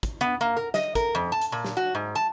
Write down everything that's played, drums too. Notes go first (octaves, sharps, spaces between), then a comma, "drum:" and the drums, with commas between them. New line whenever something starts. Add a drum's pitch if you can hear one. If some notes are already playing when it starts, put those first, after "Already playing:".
drum: kick, hi-hat
B3
A#3
A#4
D#5, drum: snare
A#4, drum: kick, hi-hat
F2
A5
drum: hi-hat
A#2
drum: snare
F#4
G#2
A5